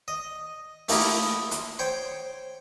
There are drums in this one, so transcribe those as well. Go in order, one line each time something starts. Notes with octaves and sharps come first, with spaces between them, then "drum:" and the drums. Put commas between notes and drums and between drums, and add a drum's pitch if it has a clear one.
D#5
A3 A#3 D#4 E4, drum: open hi-hat
C6, drum: hi-hat
C5 C#5 G5